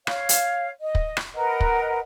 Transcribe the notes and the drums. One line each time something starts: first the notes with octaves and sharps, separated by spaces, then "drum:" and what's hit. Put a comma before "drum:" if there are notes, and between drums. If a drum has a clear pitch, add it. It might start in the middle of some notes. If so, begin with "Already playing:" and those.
C#5 F5, drum: rim click
drum: hi-hat
D#5
drum: kick
drum: rim click
A#4 B4 D#5 F#5
drum: kick